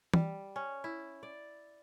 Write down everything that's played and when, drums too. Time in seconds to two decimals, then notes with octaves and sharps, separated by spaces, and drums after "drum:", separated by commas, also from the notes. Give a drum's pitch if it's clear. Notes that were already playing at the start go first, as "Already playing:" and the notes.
0.14 G3, drum: tom
0.56 C#4
0.84 E4
1.23 D5